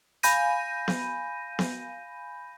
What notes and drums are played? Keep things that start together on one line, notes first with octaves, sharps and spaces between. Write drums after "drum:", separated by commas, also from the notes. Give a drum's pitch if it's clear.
F5 G#5 B5 G6 A#6 D#7, drum: hi-hat
drum: snare B3
drum: snare B3